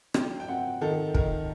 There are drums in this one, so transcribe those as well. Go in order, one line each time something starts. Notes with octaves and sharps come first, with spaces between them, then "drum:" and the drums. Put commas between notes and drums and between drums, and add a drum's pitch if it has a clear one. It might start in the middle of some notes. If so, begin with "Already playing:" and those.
F#3 G5, drum: rim click
G5
C4 F#5
D#3 A4
D#3 A#4, drum: kick